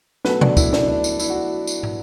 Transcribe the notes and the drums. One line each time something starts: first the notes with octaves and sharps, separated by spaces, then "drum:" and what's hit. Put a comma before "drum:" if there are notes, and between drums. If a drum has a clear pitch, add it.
B2 F#3 A3 B4, drum: snare
D4, drum: tom B2
E4, drum: kick D2, tambourine
D4, drum: snare
D4
drum: tambourine
E4, drum: tambourine
F#4
drum: tambourine
drum: tom